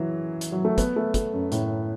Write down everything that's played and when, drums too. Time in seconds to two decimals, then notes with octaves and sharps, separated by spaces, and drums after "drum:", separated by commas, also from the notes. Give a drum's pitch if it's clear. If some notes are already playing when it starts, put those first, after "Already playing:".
Already playing: E3 F#3
0.41 drum: hi-hat
0.52 F#3
0.65 A3
0.78 B3, drum: kick, hi-hat
0.96 A3
1.14 A3, drum: kick, hi-hat
1.33 F#2
1.52 A2, drum: hi-hat